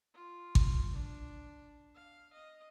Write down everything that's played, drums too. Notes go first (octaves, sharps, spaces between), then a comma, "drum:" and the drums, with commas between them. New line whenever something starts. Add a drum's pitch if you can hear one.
F4
drum: kick G#1
D4
F5
D#5